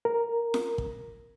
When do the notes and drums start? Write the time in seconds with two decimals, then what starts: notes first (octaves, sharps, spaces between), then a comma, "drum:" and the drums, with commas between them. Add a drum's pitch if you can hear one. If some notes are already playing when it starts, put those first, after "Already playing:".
0.05 A#4
0.54 drum: snare F4
0.78 drum: kick